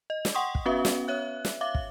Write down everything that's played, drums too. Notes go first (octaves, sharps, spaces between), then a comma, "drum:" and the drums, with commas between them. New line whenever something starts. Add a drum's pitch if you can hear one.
D#5
drum: snare
F#5 G5 C6 C#6 D#6
drum: kick
B3 C#4 F#4 B4 E5 F5
drum: snare
C#5 E5 F#6
drum: snare
E5 F5 D6
drum: kick